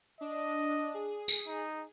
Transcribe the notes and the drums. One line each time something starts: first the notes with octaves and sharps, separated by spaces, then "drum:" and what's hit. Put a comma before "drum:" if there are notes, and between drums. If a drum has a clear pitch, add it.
D4 D#5
G#4
drum: tambourine
D#4